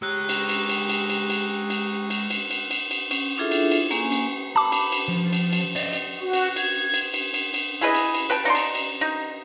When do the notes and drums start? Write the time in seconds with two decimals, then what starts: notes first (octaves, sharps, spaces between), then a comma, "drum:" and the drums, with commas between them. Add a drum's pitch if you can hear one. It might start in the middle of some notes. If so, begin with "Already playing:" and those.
0.02 G#3 G4 C#5 A#5 C#6 D#6 E6 F#6
0.29 drum: cymbal
0.49 drum: cymbal
0.69 drum: cymbal
0.89 drum: cymbal
1.10 drum: cymbal
1.30 drum: cymbal
1.70 drum: cymbal
2.10 drum: cymbal
2.30 drum: cymbal
2.51 drum: cymbal
2.71 drum: cymbal
2.91 drum: cymbal
3.11 C#4, drum: cymbal
3.38 D4 E4 F4 G#4 A4 E5
3.51 drum: cymbal
3.71 drum: cymbal
3.91 A#3 C#4 G#5 C#6, drum: cymbal
4.12 drum: cymbal
4.56 A5 B5 D6
4.72 drum: cymbal
4.92 drum: cymbal
5.08 F3
5.33 drum: cymbal
5.53 drum: cymbal
5.76 D5 D#5, drum: cymbal
5.93 drum: cymbal
6.21 F#4
6.33 drum: cymbal
6.56 G#6, drum: cymbal
6.94 drum: cymbal
7.14 drum: cymbal
7.34 drum: cymbal
7.54 drum: cymbal
7.81 E4 G#4 B4 D#5
7.94 drum: cymbal
8.14 drum: cymbal
8.30 B4 G5 A5
8.45 D#4 D5 C6
8.55 drum: cymbal
8.75 drum: cymbal
9.01 D#4